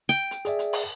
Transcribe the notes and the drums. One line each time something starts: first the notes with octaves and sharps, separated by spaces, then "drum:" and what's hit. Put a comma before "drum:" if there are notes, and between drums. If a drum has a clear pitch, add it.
G5
drum: hi-hat
G#4 D5 E5, drum: hi-hat
drum: hi-hat
drum: open hi-hat